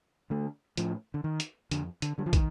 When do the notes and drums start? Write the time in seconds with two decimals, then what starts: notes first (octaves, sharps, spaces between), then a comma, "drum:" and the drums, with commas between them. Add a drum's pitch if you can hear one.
0.30 D3 A3
0.77 A2 F3, drum: hi-hat
1.14 D3
1.24 D#3
1.40 drum: hi-hat
1.71 F2 D3, drum: hi-hat
2.02 D3, drum: hi-hat
2.18 D3 G3
2.26 F3
2.33 D#3, drum: kick, hi-hat